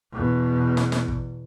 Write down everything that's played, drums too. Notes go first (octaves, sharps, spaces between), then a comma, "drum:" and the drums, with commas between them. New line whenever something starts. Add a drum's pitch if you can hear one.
E2 B2
drum: snare
drum: snare
drum: kick